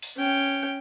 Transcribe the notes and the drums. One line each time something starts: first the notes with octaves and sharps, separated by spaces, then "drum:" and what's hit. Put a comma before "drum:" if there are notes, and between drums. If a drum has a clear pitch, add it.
drum: open hi-hat
C#4 G5